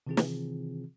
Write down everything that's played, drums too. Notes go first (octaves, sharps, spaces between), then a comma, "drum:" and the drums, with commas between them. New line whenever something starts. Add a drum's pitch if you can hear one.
C3 D#3 E3 C4 F4 G#4
drum: snare